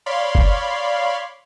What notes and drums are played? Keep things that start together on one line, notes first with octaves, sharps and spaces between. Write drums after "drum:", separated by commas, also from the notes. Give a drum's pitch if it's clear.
C#5 D5 F5 B5 C6
drum: kick F#1